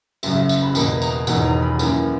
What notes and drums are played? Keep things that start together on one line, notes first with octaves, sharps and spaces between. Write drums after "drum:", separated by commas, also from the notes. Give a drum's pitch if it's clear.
F#1 F#2 C#3 F#3 E5, drum: tambourine
E5
drum: tambourine
B5
E2 B2 A#3 B5, drum: tambourine
A#5, drum: tambourine
E1 E2 D#3 F#5, drum: tambourine
A#5
B5
F#2 E3 A#3 B5, drum: tambourine